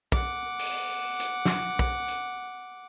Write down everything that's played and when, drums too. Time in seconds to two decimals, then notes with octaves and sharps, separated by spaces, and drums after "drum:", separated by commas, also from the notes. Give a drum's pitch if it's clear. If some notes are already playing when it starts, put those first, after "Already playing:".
0.12 F#5 D6, drum: kick
0.59 drum: open hi-hat
1.20 drum: hi-hat
1.45 drum: snare
1.79 drum: kick
2.08 drum: hi-hat